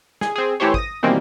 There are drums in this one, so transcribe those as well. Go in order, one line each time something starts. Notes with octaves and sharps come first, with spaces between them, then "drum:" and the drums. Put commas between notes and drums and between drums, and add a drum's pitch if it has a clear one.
G#4, drum: snare
C4 G#4
E3 A3 E4 G4 C5 C#5
D#6 A#6, drum: kick
B2 D#3 E3 G3 A#3 C4